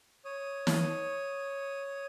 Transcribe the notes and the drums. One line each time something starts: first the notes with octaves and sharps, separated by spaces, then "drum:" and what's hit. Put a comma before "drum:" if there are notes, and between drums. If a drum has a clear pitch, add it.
C#5 D#6
drum: snare